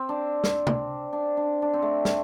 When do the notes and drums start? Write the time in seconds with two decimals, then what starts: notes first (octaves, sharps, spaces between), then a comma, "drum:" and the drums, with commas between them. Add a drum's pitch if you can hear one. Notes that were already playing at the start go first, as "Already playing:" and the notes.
Already playing: C4
0.09 D4
0.44 drum: snare
0.67 drum: tom C3
1.13 D4
1.37 D4
1.62 D4
1.73 C4
1.82 A3
2.05 drum: snare